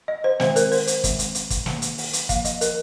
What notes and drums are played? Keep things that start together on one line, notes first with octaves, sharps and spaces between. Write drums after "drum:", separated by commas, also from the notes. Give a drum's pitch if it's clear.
D#5
C5
D#3 G#3 C4 C5, drum: snare
A#4, drum: hi-hat
C5, drum: open hi-hat
drum: hi-hat
D#3 G#3 C4, drum: kick, hi-hat
drum: hi-hat
drum: hi-hat
drum: kick, hi-hat
D#3 A#3, drum: snare
drum: hi-hat
drum: open hi-hat
drum: hi-hat
F3 A#3 F5, drum: kick, hi-hat
D#5, drum: hi-hat
A#4, drum: hi-hat